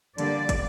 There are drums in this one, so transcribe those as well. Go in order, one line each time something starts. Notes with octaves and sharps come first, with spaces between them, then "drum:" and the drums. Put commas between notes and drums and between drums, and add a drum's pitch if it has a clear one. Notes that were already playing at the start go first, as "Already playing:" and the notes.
D3 G3 A#3 D5, drum: hi-hat
drum: kick, hi-hat